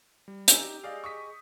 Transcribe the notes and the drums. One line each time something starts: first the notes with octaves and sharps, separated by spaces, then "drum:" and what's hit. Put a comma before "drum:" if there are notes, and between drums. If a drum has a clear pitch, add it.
G3
D#4 G#5 E6 G6, drum: hi-hat
G4
G#4 D5 D#5 F5
C#6 D#6 B6